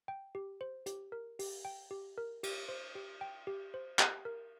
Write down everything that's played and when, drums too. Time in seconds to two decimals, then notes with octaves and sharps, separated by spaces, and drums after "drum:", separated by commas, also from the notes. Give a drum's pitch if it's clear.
0.08 G5
0.35 G4
0.61 C5
0.86 G4, drum: hi-hat
1.12 A#4
1.39 G4, drum: open hi-hat
1.65 G5
1.91 G4
2.18 A#4
2.43 G4, drum: cymbal
2.69 C5
2.95 G4
3.21 G5
3.47 G4
3.74 C5
3.99 G4, drum: clap
4.25 A#4